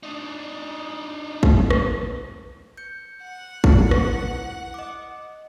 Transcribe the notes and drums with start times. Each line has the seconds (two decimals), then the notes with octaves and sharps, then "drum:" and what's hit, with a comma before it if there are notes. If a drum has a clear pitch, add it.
0.03 D4 D#4
1.43 drum: kick
1.70 drum: rim click
2.77 G6 C#7
3.23 F#5
3.64 E4, drum: kick
3.91 drum: rim click
4.74 D#5 D6